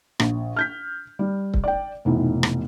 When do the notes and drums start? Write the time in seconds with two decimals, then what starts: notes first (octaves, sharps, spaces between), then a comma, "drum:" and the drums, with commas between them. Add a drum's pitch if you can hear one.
0.20 A#1, drum: rim click
0.56 F6 G6 B6
1.19 G3
1.54 drum: kick C#1
1.64 D5 G5
2.05 F1 G#2 B2 E3
2.43 drum: rim click